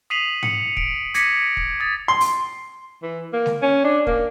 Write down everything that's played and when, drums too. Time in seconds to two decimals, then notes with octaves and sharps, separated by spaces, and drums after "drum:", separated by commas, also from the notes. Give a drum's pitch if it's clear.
0.10 D#6 B6 C7 D#7 F7 F#7
0.43 C#7, drum: tom G#2
0.77 D7, drum: kick
1.14 D6 G#6 A#6 B6 C#7 D#7, drum: hi-hat
1.57 drum: kick
1.80 D#6 A6
2.08 C6
2.20 drum: open hi-hat
3.03 E3
3.33 A#3
3.46 drum: snare G#3
3.62 C#4
3.84 D4
4.07 A#3, drum: kick